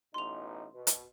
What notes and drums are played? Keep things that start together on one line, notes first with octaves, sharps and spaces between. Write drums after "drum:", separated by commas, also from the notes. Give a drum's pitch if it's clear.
A1 B2 D#4 C6 F7
B2
drum: hi-hat